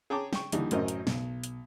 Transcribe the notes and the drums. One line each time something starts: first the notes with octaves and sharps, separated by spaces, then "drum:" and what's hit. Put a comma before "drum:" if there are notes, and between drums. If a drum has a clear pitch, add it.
G#4 C#5 G5 A5 A#5 D6
G5 C#6, drum: snare
D#2 D3 E3 G3 D#4, drum: hi-hat
A1 F#2 A#4 C5 D#5, drum: hi-hat
drum: hi-hat
B1, drum: snare
drum: hi-hat